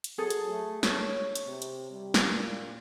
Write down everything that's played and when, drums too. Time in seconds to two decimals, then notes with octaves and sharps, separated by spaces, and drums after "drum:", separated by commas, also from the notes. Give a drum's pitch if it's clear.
0.04 drum: hi-hat
0.18 F#3 G#4 A4
0.30 drum: hi-hat
0.50 A3
0.83 C#5, drum: snare
1.35 drum: hi-hat
1.46 C3
1.62 drum: hi-hat
1.91 G3
2.14 drum: snare
2.32 A#2